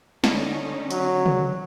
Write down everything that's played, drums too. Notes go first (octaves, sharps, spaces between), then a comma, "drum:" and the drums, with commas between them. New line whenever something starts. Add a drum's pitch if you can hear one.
D3 C#4 D#4, drum: snare
F#3, drum: hi-hat
drum: tom C3